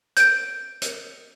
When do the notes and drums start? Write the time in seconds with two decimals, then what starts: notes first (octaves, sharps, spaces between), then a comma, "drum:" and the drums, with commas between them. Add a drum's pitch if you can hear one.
0.17 G6 D7, drum: hi-hat
0.82 drum: hi-hat